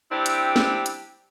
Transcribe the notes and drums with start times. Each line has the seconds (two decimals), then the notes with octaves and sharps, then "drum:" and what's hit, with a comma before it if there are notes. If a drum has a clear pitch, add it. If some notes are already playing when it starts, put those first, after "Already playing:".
0.11 G3 C4 D4 E4 G4
0.26 drum: hi-hat
0.56 drum: snare
0.86 drum: hi-hat